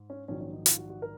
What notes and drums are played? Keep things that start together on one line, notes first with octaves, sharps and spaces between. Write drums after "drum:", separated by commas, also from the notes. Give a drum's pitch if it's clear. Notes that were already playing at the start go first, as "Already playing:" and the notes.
Already playing: G#2
C#4
A#1 G#2 D#3 F#3 C#4
C#4
D#4
F4, drum: hi-hat
F#4
F#4
A#4